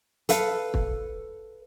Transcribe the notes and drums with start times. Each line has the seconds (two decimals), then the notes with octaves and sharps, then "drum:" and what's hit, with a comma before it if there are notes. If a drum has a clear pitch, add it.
0.29 A4 B4 F5, drum: hi-hat
0.74 drum: kick